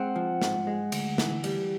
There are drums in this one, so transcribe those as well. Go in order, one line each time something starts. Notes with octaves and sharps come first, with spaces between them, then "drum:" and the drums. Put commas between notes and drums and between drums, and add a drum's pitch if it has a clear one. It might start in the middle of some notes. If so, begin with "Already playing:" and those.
Already playing: G#3 C4 F#5
F3
G#2, drum: snare
G#3
D2, drum: cymbal
E3, drum: snare
G3, drum: cymbal